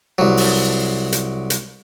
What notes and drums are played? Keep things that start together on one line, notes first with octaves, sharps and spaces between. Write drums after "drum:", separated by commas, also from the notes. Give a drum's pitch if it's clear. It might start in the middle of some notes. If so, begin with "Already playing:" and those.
C2 F#3
drum: open hi-hat
drum: hi-hat
drum: hi-hat